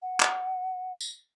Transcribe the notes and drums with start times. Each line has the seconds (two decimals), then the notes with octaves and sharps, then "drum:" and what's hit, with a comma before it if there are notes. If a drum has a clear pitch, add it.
0.02 F#5
0.20 drum: clap
1.01 drum: tambourine